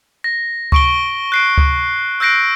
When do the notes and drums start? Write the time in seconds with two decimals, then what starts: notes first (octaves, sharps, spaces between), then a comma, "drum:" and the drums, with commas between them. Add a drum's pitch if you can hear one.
0.24 A#6
0.72 C#6 D7 G7, drum: kick C#2
1.32 F#6 C7 D7
1.58 drum: kick C#2
2.20 E6 F#6 G6 A#6 C7 D7